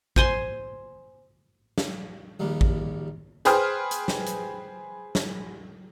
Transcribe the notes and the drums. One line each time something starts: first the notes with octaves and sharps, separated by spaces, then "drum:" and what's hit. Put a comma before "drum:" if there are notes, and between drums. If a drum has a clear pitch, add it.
C5 G#5 C6, drum: kick A1
drum: snare
A#1 D#2 G3
drum: kick A1
G#4 B4 C5 G5 D#6 F6, drum: hi-hat
drum: hi-hat
drum: snare
drum: hi-hat
drum: snare